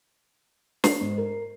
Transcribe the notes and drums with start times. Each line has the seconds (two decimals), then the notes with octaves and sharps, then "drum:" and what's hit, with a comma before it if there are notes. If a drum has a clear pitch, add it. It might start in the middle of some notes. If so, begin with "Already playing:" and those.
0.84 C7, drum: snare
1.01 G#2
1.18 A#4